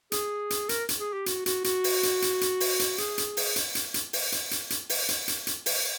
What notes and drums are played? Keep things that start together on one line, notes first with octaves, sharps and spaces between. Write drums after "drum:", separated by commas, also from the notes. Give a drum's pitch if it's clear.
G#4, drum: hi-hat
drum: hi-hat
A#4, drum: hi-hat
drum: hi-hat
G#4
G4
F#4, drum: hi-hat
F#4, drum: hi-hat
F#4, drum: hi-hat
drum: open hi-hat
drum: hi-hat
drum: hi-hat
drum: hi-hat
drum: open hi-hat
drum: hi-hat
G#4, drum: hi-hat
drum: hi-hat
drum: open hi-hat
drum: hi-hat
drum: hi-hat
drum: hi-hat
drum: open hi-hat
drum: hi-hat
drum: hi-hat
drum: hi-hat
drum: open hi-hat
drum: hi-hat
drum: hi-hat
drum: hi-hat
drum: open hi-hat